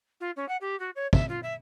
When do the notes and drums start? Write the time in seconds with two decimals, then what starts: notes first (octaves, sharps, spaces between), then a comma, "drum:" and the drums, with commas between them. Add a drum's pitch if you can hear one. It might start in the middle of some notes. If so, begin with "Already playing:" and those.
0.20 F4
0.36 C#4
0.48 F#5
0.60 G4
0.79 F#4
0.95 C#5
1.13 E5, drum: kick
1.28 F4
1.42 E5